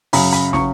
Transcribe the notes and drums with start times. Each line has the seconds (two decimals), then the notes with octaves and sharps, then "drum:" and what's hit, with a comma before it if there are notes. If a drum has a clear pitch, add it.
0.13 F#2 C#3 F#3 B5, drum: open hi-hat
0.33 B5, drum: hi-hat
0.53 C#3 F#3 C#6, drum: snare